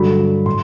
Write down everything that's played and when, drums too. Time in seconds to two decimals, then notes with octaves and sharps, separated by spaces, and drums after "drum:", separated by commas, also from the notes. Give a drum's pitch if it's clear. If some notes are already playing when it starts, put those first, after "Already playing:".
Already playing: G2 D3 F#3 B5
0.46 C6, drum: tom